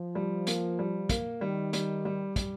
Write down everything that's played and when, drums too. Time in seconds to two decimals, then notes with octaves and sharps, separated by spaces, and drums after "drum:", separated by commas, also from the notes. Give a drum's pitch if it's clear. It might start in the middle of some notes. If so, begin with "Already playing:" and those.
Already playing: F3
0.15 G3
0.47 A#3, drum: hi-hat
0.79 G3
1.09 A#3, drum: kick, hi-hat
1.41 D#3 G3
1.73 G3, drum: hi-hat
2.05 G3
2.36 G3, drum: kick, hi-hat